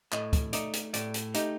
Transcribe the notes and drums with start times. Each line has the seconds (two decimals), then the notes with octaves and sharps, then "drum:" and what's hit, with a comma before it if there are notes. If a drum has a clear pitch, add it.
0.12 A2 D#5, drum: clap
0.33 drum: kick, hi-hat
0.53 A3 D#4 D5, drum: hi-hat
0.73 drum: hi-hat
0.94 A2 D5, drum: hi-hat
1.14 drum: hi-hat
1.34 A3 D#4 G4, drum: hi-hat